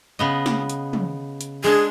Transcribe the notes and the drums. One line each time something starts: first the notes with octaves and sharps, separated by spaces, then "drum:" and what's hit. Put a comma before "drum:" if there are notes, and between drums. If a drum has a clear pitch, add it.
C#3 B3 D#5
drum: snare
drum: hi-hat
drum: tom
drum: hi-hat
G#3 D4 G#4 A5